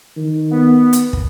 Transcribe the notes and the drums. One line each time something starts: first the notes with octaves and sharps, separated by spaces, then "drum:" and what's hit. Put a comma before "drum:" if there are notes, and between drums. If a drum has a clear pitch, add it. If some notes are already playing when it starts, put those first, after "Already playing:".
D#3
B3
drum: hi-hat
drum: kick